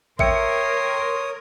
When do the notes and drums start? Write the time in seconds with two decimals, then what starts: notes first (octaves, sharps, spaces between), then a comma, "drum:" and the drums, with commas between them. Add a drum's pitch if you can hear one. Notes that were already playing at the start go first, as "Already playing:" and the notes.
0.19 A#4 C#5 E5 G5 C6 D#6 C#7, drum: kick G#1